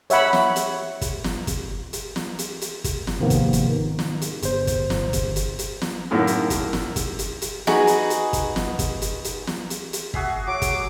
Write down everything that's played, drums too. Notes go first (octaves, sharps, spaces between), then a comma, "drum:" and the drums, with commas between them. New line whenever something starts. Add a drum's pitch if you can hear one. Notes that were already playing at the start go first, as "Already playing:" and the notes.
C#5 E5 F#5 B5, drum: hi-hat
drum: snare
drum: hi-hat
drum: kick, hi-hat
drum: snare
drum: kick, hi-hat
drum: hi-hat
drum: snare
drum: hi-hat
drum: hi-hat
drum: kick, hi-hat
drum: snare
G#2 C3 D#3 F3 A#3 B3
drum: kick, hi-hat
drum: hi-hat
D#3
drum: snare
drum: hi-hat
G1 C5, drum: hi-hat
drum: kick, hi-hat
drum: snare
drum: kick, hi-hat
drum: hi-hat
drum: hi-hat
drum: snare
F#2 A2 D#3 A#3
drum: hi-hat
drum: kick, hi-hat
drum: snare
drum: kick, hi-hat
drum: hi-hat
drum: hi-hat
D#4 F#4 G#4 B4, drum: snare
drum: hi-hat
drum: hi-hat
drum: kick, hi-hat
drum: snare
drum: kick, hi-hat
drum: hi-hat
drum: hi-hat
drum: snare
drum: hi-hat
drum: hi-hat
F#4 G#4 E5, drum: kick
F#3 D6
drum: kick, hi-hat